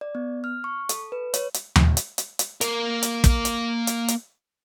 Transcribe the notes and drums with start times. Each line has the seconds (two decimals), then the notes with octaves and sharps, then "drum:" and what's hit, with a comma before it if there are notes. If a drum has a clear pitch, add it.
0.01 D5
0.15 B3
0.44 F6
0.64 C#6
0.89 A4, drum: hi-hat
1.12 B4
1.34 C#5, drum: hi-hat
1.54 drum: hi-hat
1.76 drum: tom D#2
1.97 drum: hi-hat
2.18 drum: hi-hat
2.39 drum: hi-hat
2.61 A#3 A#4, drum: hi-hat
3.03 drum: hi-hat
3.24 drum: kick, hi-hat
3.45 drum: hi-hat
3.87 drum: hi-hat
4.08 drum: hi-hat